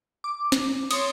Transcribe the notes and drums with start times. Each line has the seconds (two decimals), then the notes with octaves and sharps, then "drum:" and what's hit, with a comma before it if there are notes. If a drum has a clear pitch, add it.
0.24 D6
0.52 drum: snare
0.91 C#5 C6 D#6, drum: cymbal